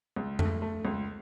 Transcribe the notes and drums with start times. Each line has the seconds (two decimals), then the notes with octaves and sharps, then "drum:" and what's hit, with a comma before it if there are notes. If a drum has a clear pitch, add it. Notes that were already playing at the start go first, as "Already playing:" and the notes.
0.16 C#2
0.39 A3, drum: tom F2
0.62 A3
0.85 C#2